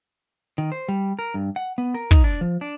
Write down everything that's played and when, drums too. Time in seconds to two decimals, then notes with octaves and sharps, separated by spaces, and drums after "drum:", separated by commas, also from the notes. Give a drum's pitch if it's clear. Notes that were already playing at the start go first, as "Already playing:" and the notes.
0.58 D#3
0.72 C5
0.88 G3
1.19 A#4
1.34 G2
1.56 F#5
1.78 B3
1.94 A#4
2.11 D#4, drum: kick
2.24 D4
2.41 F3
2.61 D4